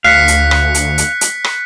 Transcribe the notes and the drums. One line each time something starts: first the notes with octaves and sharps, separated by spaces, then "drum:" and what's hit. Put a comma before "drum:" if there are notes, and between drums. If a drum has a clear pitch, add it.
D2 F5 F#6 B6 C#7
drum: hi-hat
drum: rim click
drum: hi-hat
drum: hi-hat
drum: hi-hat
drum: rim click